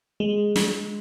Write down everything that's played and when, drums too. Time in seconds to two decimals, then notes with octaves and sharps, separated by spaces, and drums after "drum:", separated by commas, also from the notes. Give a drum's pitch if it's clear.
0.20 G#3
0.56 drum: snare